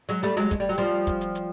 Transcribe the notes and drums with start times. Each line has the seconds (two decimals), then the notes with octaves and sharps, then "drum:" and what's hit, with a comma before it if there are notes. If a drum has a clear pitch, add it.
0.09 F#3 G#3, drum: hi-hat
0.23 G3 A3, drum: hi-hat
0.37 F#3 G#3
0.51 G#3, drum: kick, hi-hat
0.60 G3
0.69 F#3
0.78 F3 G3, drum: hi-hat
1.07 drum: kick, hi-hat
1.21 drum: hi-hat
1.35 drum: hi-hat